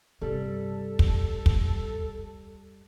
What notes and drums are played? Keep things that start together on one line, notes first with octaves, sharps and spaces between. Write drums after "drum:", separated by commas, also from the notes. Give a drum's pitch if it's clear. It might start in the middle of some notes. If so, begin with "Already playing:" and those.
G2 C3 G3 A4
drum: kick
drum: kick